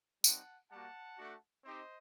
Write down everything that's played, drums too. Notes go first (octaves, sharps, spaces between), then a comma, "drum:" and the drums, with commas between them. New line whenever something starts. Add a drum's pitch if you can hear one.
G3 C4 D#4 F#5 A5, drum: tambourine
G3 A#3 F#4 F#5 A5
A3 D4 F#4
C4 D#4 G4 C5 D#5